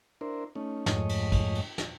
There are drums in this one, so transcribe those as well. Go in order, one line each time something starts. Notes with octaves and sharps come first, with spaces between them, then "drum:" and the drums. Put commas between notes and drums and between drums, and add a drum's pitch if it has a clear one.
D4 E4 A#4 C5
A3 C#4 D#4
F2 G#2 A3 C#5 D#5, drum: snare
drum: cymbal
drum: kick, cymbal
drum: cymbal
drum: snare